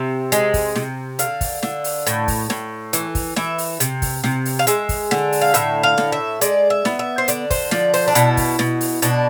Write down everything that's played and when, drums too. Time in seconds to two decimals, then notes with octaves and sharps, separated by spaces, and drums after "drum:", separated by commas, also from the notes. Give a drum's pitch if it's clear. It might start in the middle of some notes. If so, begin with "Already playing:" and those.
Already playing: C3 E5
0.32 G#3, drum: hi-hat
0.54 drum: kick, open hi-hat
0.76 C3, drum: snare
1.19 D3 F5, drum: hi-hat
1.41 drum: kick, open hi-hat
1.63 D3, drum: snare
1.84 drum: open hi-hat
2.07 A2, drum: hi-hat
2.28 drum: kick, open hi-hat
2.50 A2, drum: snare
2.93 E3, drum: hi-hat
3.15 drum: kick, open hi-hat
3.36 E3 E5, drum: snare
3.58 drum: open hi-hat
3.80 C3, drum: hi-hat
4.02 drum: kick, open hi-hat
4.24 C3, drum: snare
4.45 drum: open hi-hat
4.59 F5
4.67 G#3 E5, drum: hi-hat
4.89 drum: kick, open hi-hat
5.11 D3, drum: snare
5.32 drum: open hi-hat
5.41 F5
5.54 A2 E5, drum: hi-hat
5.83 F5
5.98 A2, drum: snare
6.12 E5
6.41 G#3 D5, drum: hi-hat
6.70 E5
6.85 B3, drum: snare
6.99 E5
7.18 C5
7.28 D3 D5, drum: hi-hat
7.51 C5, drum: kick, open hi-hat
7.71 F3 D5, drum: snare
7.94 C5, drum: open hi-hat
8.08 D4
8.15 B2 E4, drum: hi-hat
8.37 drum: kick, open hi-hat
8.59 B2, drum: snare
8.81 drum: open hi-hat
9.02 B2 D4, drum: hi-hat